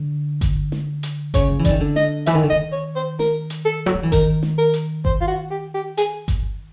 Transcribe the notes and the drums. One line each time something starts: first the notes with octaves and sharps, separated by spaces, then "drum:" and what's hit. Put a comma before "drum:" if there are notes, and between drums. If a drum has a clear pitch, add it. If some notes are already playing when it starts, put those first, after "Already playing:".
Already playing: D3
drum: kick G1, hi-hat
drum: snare
drum: hi-hat
C#3 C#5, drum: kick G1, hi-hat
F3
E3
D5, drum: kick G1, hi-hat
D#3
D3
D#5, drum: snare
E3 E5, drum: hi-hat
D#3
D3
D#3 D#5
C#5
C5
A#4, drum: snare
drum: hi-hat
A4
F#3
F3
E3
D#3 A#4, drum: kick G1, hi-hat
drum: snare
A#4
drum: hi-hat
C5, drum: kick G1
F4
F#4
G4
G4
G#4, drum: hi-hat
drum: kick G1, hi-hat